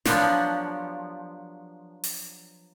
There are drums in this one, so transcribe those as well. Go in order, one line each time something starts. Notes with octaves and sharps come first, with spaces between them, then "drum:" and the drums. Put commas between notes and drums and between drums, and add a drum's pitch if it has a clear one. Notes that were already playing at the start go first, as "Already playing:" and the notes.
F3 F#3 B3 D4 F#4 G4, drum: snare
drum: open hi-hat